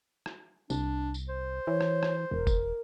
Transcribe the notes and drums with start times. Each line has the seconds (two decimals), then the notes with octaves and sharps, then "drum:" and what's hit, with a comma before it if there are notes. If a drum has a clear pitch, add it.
0.26 drum: rim click
0.70 C2 D4, drum: tambourine
1.14 drum: tambourine
1.29 C5
1.67 E3 C#5
1.81 drum: rim click
2.03 drum: rim click
2.31 E1 A#4
2.47 drum: kick F#1, tambourine